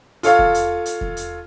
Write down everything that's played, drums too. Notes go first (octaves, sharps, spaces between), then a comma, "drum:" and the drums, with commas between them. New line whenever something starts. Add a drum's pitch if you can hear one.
F4 A4 C#5 F5, drum: hi-hat
drum: kick E2
drum: hi-hat
drum: hi-hat
drum: kick E2
drum: hi-hat